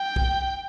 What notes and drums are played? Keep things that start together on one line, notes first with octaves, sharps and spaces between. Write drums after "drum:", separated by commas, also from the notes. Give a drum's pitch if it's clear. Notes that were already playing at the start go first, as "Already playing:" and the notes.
Already playing: G5
drum: kick